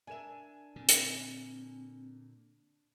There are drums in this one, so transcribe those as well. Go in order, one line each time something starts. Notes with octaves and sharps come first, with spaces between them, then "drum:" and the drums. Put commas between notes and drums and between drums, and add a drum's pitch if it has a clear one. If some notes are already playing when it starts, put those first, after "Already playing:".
D4 A#4 E5 G#5 E7
A#2 D3 C4
drum: hi-hat